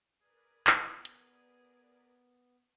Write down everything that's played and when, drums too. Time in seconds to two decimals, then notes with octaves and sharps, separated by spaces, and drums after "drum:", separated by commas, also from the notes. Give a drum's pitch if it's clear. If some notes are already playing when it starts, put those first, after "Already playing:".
0.22 G#4 A#4 B4 D5
0.67 drum: clap
0.81 B3
1.05 drum: hi-hat